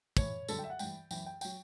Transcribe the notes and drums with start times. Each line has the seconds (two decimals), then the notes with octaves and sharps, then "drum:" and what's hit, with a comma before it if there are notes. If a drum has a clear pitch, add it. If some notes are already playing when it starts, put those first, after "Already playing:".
0.17 A2 E3 C#5, drum: kick, tambourine
0.48 G2 D3 F#3 A4, drum: tambourine
0.59 E5 G5
0.70 F#5
0.79 G2 E3 G5, drum: tambourine
1.11 F#2 E3 G5, drum: tambourine
1.26 G5
1.41 F#3 G5, drum: tambourine